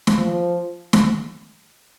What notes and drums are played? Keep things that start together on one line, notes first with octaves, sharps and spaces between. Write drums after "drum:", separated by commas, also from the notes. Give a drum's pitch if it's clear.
drum: snare
F3
drum: snare